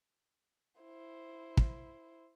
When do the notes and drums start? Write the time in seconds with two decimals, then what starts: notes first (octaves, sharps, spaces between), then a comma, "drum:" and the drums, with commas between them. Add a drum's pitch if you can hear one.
0.81 E4 C5
1.57 drum: kick